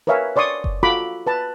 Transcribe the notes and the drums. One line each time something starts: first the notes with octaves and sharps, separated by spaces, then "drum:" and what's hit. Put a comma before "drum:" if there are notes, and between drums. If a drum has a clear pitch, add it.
A#4 B4 C#5 E5 F5 G#5
C#5 D5 C6 C#6 D#6
drum: kick F#1
F4 F#4 A4 A#5 B5 D6
B4 A5